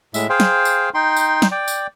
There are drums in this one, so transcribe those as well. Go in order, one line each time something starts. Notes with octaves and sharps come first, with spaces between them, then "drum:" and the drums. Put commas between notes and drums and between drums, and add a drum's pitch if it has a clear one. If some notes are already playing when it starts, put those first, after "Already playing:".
A2 G#3 E5, drum: tambourine
G#4 C5 F5 G5
drum: snare
drum: tambourine
D#4 G5 C6
drum: tambourine
drum: snare
D5 G5
drum: tambourine